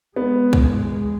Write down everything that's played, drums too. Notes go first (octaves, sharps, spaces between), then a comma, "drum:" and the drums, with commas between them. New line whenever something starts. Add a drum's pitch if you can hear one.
G#3 B3
drum: kick